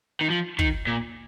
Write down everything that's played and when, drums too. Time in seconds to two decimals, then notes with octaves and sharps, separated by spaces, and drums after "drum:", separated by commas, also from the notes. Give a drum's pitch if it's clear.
0.21 D#3
0.30 F3
0.59 D#3, drum: kick
0.87 A#2